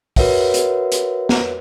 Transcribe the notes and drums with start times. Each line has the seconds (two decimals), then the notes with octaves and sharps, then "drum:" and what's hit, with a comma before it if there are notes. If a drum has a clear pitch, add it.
0.16 F#4 A#4 B4 C#5 E5 F#5, drum: kick, open hi-hat
0.54 drum: hi-hat
0.92 drum: hi-hat
1.29 drum: snare